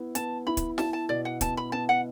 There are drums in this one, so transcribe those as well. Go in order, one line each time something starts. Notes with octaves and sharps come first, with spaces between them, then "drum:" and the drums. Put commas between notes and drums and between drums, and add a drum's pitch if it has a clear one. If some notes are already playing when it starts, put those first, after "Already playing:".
Already playing: B3 E4
B3 A5, drum: hi-hat
E4 B5
drum: kick, hi-hat
E4 A5, drum: snare
A5
B2 D5
F#5
B3 A5, drum: kick, hi-hat
B5
B3 A5
F#5